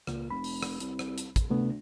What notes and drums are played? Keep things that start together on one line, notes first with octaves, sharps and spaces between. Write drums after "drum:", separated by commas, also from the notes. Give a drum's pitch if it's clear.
C#2 A#2, drum: rim click
F1 B5
drum: open hi-hat
drum: rim click
C2, drum: hi-hat
drum: rim click
drum: hi-hat
drum: kick, hi-hat
D2 C3 A3 B3